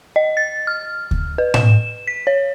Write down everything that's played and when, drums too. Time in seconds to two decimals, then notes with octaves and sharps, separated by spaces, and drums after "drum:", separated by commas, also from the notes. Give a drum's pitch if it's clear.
0.16 D#5
0.37 A6
0.67 F6
1.11 drum: kick D2
1.38 B4
1.54 E7, drum: tom A2
2.07 B6
2.27 C#5